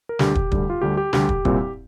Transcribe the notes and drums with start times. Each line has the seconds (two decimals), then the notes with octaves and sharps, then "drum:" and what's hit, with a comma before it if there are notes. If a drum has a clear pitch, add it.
0.09 A#4
0.19 D2 D3 G3 G4, drum: snare
0.35 drum: kick
0.52 D2 D3 G3, drum: kick
0.70 F4
0.81 D2 D3 G3 G4
0.97 G4
1.13 D2 D3 G3 G4, drum: snare
1.29 drum: kick
1.45 C2 A#2 G3 C4, drum: kick